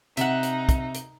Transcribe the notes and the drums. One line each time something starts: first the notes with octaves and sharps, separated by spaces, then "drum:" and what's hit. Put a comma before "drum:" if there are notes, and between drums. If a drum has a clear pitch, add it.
C3 D#4 E5 F#5, drum: hi-hat
drum: hi-hat
drum: kick, hi-hat
drum: hi-hat